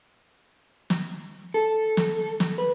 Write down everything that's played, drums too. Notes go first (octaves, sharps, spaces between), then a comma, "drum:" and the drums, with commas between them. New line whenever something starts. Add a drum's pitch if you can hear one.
drum: snare
A4
drum: snare
drum: snare
B4